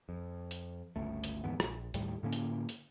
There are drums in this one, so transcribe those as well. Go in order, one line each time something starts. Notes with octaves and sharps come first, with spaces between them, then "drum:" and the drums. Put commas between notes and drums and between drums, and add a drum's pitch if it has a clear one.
F2
drum: hi-hat
G1 C#2 A3
drum: hi-hat
D#2 G#2 E3 B3
A#1, drum: rim click
D#2 A2 G3, drum: hi-hat
A2 D3 A#3 C#4
drum: hi-hat
drum: hi-hat